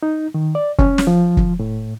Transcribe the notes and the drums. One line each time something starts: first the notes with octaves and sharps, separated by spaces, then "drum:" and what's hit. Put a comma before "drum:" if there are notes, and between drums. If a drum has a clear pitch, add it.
D#4
D#3
D5
C#4, drum: kick
drum: snare
F3
drum: kick
A2